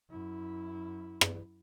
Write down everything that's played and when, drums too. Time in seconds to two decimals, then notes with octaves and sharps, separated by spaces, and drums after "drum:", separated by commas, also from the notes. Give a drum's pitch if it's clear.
0.11 F#2 E4
1.21 drum: rim click